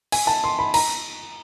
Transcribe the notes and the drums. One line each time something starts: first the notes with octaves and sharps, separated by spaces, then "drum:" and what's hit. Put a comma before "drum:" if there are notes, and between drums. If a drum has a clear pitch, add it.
G#5, drum: cymbal
A5
C6
B5
A#5, drum: cymbal